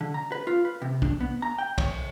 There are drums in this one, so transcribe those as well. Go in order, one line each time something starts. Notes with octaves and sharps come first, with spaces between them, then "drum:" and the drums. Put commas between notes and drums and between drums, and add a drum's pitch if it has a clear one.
D3
A#5
B4
F4
B4
C3
D4, drum: kick
B3
A#5
G5
C#5, drum: kick, cymbal